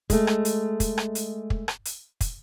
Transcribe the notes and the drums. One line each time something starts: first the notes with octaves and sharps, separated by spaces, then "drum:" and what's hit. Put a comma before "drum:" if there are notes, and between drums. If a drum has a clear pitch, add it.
G#3 A3, drum: kick, hi-hat
drum: rim click
drum: hi-hat
drum: kick, hi-hat
drum: rim click
drum: hi-hat
drum: kick
drum: rim click
drum: hi-hat
drum: kick, hi-hat